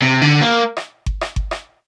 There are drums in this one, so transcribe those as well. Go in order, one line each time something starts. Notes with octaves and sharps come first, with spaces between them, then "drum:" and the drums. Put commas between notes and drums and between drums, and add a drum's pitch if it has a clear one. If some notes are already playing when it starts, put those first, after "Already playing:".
C3
D3
A#3
drum: rim click
drum: kick G1
drum: rim click
drum: kick G1
drum: rim click